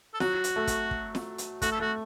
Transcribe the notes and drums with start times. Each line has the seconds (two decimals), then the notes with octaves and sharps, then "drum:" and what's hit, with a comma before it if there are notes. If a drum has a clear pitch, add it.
0.14 A4
0.20 F#3 F#4, drum: snare
0.44 drum: hi-hat
0.56 A3
0.67 drum: kick, hi-hat
0.91 drum: kick
1.15 drum: snare
1.38 drum: hi-hat
1.62 A3 F#4, drum: kick, hi-hat
1.72 A4
1.80 A3 F#4